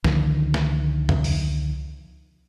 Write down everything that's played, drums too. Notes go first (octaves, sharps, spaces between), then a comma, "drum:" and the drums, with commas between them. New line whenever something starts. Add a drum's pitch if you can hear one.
C#2 D3 D#3 F3, drum: snare
drum: snare
drum: tom
drum: open hi-hat